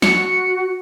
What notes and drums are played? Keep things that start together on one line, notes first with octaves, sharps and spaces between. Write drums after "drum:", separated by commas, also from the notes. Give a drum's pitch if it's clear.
F#4 C#7, drum: snare